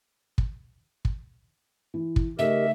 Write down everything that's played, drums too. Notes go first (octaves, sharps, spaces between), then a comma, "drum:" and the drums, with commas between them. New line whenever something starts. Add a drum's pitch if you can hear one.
drum: kick
drum: kick
E3
drum: kick
C#3 A3 D#4 G4 A#4 D#5 E5